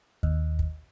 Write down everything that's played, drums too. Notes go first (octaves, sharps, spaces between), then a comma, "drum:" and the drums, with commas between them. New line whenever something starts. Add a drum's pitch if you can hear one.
D#2, drum: kick
drum: kick